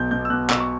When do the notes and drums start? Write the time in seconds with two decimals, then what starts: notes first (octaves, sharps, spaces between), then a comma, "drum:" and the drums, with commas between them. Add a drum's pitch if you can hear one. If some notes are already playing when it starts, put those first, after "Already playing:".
Already playing: B1 B2 G6
0.11 B2 G6
0.25 E6
0.30 B2 F#6
0.50 B2 E6, drum: clap
0.60 C#6